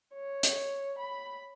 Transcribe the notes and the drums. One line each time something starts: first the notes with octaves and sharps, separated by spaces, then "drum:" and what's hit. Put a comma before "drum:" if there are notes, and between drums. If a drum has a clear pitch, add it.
C#5
drum: hi-hat
B5